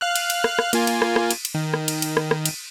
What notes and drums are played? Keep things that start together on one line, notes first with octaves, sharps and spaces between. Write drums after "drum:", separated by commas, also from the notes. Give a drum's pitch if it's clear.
F5 F6 F#6
drum: cymbal
drum: cymbal
drum: rim click
drum: rim click
A#3 F4 G#5, drum: cymbal
drum: cymbal
drum: rim click
drum: rim click
drum: cymbal
drum: cymbal
D#3
drum: rim click
drum: cymbal
drum: cymbal
drum: rim click
drum: rim click
drum: cymbal